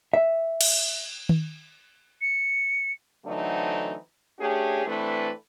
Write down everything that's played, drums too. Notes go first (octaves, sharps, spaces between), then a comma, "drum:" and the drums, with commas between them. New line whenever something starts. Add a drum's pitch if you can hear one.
E5
drum: cymbal
drum: tom D#3
C#7
D3 E3 F#3 A3 C4 D#4
A3 C#4 D4 G4 G#4
E3 A3 C4 D4 B4